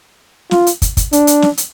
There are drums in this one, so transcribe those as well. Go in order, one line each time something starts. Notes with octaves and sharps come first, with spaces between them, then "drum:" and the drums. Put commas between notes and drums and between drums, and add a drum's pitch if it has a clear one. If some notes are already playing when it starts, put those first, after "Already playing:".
F4, drum: snare
drum: hi-hat
drum: kick, hi-hat
drum: kick, hi-hat
D4, drum: hi-hat
drum: hi-hat
drum: snare
drum: hi-hat